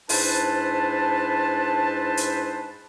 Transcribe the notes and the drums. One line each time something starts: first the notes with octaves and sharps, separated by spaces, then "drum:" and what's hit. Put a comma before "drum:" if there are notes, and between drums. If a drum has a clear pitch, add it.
G#2 D4 E4 B4 C5 A5, drum: open hi-hat
drum: hi-hat